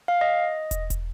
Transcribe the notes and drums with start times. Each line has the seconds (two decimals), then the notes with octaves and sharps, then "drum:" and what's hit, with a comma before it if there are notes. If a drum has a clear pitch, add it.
0.08 F5
0.21 D#5
0.71 drum: kick, hi-hat
0.90 drum: kick, hi-hat